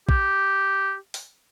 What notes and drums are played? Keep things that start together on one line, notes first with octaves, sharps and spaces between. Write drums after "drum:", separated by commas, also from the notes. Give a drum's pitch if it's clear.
G4, drum: kick
drum: open hi-hat